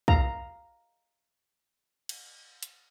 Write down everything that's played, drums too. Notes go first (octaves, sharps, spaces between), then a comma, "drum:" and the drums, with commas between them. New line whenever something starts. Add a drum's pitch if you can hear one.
F5 A#5, drum: kick
drum: cymbal
drum: hi-hat